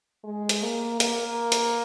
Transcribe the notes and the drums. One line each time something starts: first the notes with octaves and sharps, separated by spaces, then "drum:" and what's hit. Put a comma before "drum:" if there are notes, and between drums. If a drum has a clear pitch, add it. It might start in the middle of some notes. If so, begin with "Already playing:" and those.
G#3
drum: hi-hat
A#3
A#3, drum: hi-hat
drum: hi-hat